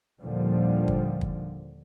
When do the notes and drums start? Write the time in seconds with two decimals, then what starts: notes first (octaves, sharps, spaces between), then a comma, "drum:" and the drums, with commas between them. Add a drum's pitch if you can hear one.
0.21 D#2 A#2 D3 F3 G3
0.88 drum: kick
1.21 drum: kick